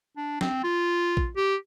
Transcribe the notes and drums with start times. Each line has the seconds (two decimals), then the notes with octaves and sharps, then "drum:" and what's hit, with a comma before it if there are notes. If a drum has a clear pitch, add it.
0.17 D4
0.41 C4, drum: snare
0.64 F4
1.17 drum: kick A#1
1.36 G4